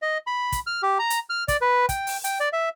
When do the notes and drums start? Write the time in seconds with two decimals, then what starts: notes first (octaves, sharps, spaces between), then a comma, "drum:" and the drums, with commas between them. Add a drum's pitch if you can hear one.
0.02 D#5
0.27 B5
0.52 drum: kick, hi-hat
0.67 F6
0.83 G4
0.99 A#5
1.10 drum: hi-hat
1.30 F6
1.48 D5, drum: kick, hi-hat
1.61 B4
1.89 G5, drum: kick, hi-hat
2.07 drum: open hi-hat
2.24 G5, drum: hi-hat
2.40 D5
2.53 E5